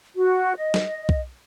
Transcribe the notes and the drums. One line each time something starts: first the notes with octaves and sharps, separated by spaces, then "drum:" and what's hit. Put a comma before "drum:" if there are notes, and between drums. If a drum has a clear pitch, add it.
F#4
D#5
drum: snare
drum: kick B1